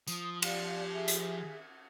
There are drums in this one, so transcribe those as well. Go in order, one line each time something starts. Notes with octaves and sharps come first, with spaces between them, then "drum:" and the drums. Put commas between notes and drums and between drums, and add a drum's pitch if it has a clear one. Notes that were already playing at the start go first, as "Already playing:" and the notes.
F3 D#6, drum: tambourine
G4 D5 F5, drum: cymbal
G#4 E5
drum: hi-hat